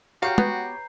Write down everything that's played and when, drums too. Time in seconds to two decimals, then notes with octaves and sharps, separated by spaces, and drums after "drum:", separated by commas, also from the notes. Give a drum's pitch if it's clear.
0.23 F#4 G4 C#5 F5 G5 A#5 G6 C7
0.38 B3, drum: tom